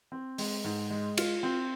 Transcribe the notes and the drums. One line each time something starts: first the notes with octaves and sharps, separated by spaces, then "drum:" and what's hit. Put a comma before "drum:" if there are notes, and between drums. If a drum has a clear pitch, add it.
C4
G#3, drum: open hi-hat
G#2
G#3
F4, drum: cymbal
C4